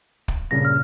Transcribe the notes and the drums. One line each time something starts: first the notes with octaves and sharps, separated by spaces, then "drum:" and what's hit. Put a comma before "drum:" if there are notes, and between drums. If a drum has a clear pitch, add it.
drum: kick
G2 A#2 C#3 A#6
F6